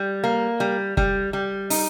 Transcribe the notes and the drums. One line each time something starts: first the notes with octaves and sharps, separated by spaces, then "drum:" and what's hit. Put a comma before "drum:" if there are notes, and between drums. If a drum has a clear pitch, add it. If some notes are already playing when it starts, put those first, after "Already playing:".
Already playing: G3
A#3
G3
G3, drum: kick
G3
D#4, drum: open hi-hat